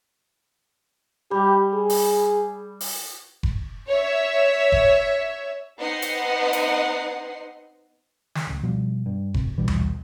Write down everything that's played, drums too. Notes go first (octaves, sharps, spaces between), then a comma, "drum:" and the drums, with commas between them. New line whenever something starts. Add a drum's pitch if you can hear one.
G3 G4
G#4
drum: open hi-hat
drum: open hi-hat
drum: kick F1
C#5 E5
drum: kick F1
B3 C4 D#4 D#5 F#5 C7
drum: hi-hat
drum: hi-hat
drum: snare
D1 C#2
B2 F3 G3
G2
E2 C3, drum: kick F1
A#1 B2 E3 G3
drum: tom D#2